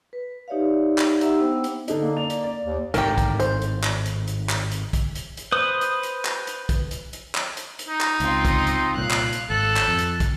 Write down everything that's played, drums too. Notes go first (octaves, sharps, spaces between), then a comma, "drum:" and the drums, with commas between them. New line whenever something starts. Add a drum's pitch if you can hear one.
B4
D#4 G4 C#5 D5 E5 F5
drum: clap
D#4 G4 E5 F#5 A#5 E6, drum: hi-hat
B3 D4 C5 G5 E6
drum: hi-hat
D3 D#4, drum: hi-hat
A#3
D5 F7
drum: hi-hat
D5
D#2
G#1 A2 D#3 G4 A#4, drum: hi-hat
drum: kick, hi-hat
C5, drum: hi-hat
drum: hi-hat
drum: clap
drum: hi-hat
drum: hi-hat
drum: clap
drum: hi-hat
drum: kick, hi-hat
drum: hi-hat
drum: hi-hat
B4 C5 D#6
drum: hi-hat
drum: hi-hat
drum: clap
drum: hi-hat
drum: kick, hi-hat
drum: hi-hat
drum: hi-hat
drum: clap
drum: hi-hat
drum: hi-hat
D#4
drum: clap
C#2 C4 F4, drum: hi-hat
drum: kick, hi-hat
drum: hi-hat
C2 A#2 F5 F#6
drum: clap
drum: hi-hat
G#1 A4 F#6
drum: clap
F2
drum: hi-hat
drum: kick, hi-hat